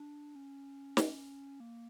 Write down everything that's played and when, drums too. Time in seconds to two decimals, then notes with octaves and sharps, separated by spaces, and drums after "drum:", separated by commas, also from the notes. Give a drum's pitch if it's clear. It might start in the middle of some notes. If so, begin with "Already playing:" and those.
Already playing: D4
0.35 C#4
0.97 drum: snare
1.60 A#3